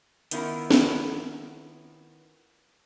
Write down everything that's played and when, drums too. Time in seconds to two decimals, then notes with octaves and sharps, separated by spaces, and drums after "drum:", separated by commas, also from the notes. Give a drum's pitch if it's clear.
0.31 D#3 B3 C#4 E4 F4 A#4, drum: hi-hat
0.71 drum: snare